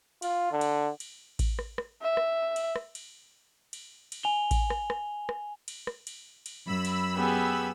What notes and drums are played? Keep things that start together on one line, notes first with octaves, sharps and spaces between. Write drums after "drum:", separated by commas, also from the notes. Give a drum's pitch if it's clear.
F4, drum: cymbal
D3
drum: cymbal
drum: cymbal
drum: kick A1, cymbal
drum: rim click
drum: rim click
E5
drum: rim click
drum: cymbal
drum: rim click
drum: cymbal
drum: cymbal
drum: cymbal
G#5 F7 G7
drum: kick A1, cymbal
drum: rim click
drum: rim click
drum: rim click
drum: cymbal
drum: rim click
drum: cymbal
drum: cymbal
F#2 B5 E6
drum: cymbal
B3 G4 G#4